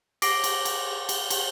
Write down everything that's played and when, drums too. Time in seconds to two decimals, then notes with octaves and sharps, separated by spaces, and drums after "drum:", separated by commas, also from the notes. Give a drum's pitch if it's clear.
0.22 D6 A#6 C7 D7, drum: cymbal
0.44 drum: cymbal
0.65 drum: cymbal
1.09 drum: cymbal
1.31 drum: cymbal